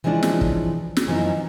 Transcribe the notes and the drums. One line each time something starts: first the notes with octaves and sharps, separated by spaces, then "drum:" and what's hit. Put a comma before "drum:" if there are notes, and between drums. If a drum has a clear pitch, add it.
E3 F3 G#3 C#4 D4
drum: snare
drum: kick
drum: snare
F#2 E3 F3 C#4 D#4